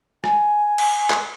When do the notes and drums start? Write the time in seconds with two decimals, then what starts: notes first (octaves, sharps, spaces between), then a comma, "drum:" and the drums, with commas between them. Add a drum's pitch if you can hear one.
0.24 G#5, drum: rim click
0.78 drum: cymbal
1.10 drum: clap